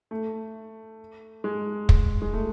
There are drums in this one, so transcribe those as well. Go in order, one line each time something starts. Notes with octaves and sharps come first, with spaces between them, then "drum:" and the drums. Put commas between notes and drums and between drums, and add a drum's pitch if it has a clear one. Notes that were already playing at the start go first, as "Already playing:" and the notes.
A3
G#3
drum: kick
G#3
A3